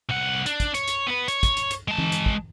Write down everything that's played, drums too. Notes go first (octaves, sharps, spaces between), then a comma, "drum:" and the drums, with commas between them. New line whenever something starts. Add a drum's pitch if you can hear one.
C2 F#5
D4, drum: hi-hat
drum: kick, hi-hat
C#5, drum: hi-hat
drum: hi-hat
B3 B4
C#5, drum: hi-hat
drum: kick, hi-hat
drum: hi-hat
drum: hi-hat
G#3 A5
drum: tom E3
drum: hi-hat
drum: kick